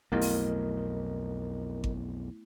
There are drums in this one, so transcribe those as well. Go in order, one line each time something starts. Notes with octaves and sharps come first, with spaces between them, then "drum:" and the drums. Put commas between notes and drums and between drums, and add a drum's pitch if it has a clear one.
B1 F2 A3 B3 E4 A#4 D#5
drum: open hi-hat
drum: kick G#1